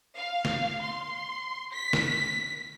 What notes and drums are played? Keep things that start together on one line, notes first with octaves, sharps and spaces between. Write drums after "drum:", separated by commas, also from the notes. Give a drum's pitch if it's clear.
F5
drum: snare
C6
B6
drum: snare